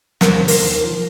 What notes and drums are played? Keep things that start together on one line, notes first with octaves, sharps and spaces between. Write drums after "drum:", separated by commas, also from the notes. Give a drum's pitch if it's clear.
D#2 A#4 C5, drum: snare
D3
A#4 C5, drum: open hi-hat
D#2
F3